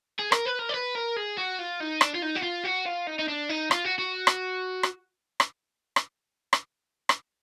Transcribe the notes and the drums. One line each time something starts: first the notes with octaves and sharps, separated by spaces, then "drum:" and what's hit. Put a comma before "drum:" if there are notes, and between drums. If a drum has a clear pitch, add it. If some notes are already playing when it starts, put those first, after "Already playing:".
G#4
A#4, drum: rim click
B4
A#4
D5
B4
A#4
G#4
F#4
F4
D#4
D4, drum: rim click
F4
D#4
F#4
F4
F#4
F4
D#4
D#4
D4
D#4
F4, drum: rim click
F#4
F#4
drum: rim click
drum: rim click
drum: rim click
drum: rim click
drum: rim click
drum: rim click